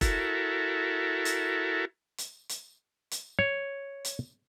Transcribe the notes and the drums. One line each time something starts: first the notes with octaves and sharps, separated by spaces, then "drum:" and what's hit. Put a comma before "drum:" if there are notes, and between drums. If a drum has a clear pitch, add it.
E4 F#4 A4 A#4, drum: kick F1, hi-hat
drum: hi-hat
drum: hi-hat
drum: hi-hat
drum: hi-hat
C#5
drum: hi-hat